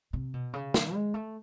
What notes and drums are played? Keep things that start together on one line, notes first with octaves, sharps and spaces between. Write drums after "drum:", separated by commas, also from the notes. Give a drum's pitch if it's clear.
C3
B2
C#3
D3, drum: snare
G#3
A3